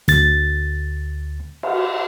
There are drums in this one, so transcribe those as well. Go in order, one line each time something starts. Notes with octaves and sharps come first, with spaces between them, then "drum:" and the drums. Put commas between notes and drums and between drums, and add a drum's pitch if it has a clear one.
D2 A6, drum: hi-hat
drum: cymbal